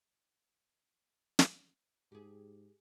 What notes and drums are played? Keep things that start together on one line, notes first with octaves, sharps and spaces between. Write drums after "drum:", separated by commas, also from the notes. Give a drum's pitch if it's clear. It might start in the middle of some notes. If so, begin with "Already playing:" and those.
drum: snare
G#2 G4 G#4